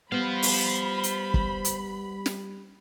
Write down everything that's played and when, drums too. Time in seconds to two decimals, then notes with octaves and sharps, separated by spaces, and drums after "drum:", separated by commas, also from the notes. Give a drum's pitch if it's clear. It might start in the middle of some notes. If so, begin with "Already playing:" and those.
0.12 G3 B3 C5 F5 B5
0.42 drum: open hi-hat
1.04 drum: hi-hat
1.34 drum: kick
1.65 drum: hi-hat
2.26 drum: snare